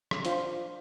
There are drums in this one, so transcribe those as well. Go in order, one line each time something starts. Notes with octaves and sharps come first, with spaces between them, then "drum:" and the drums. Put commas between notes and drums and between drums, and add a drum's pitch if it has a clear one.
drum: rim click
D4 F4 C5 D5 F5 G5, drum: hi-hat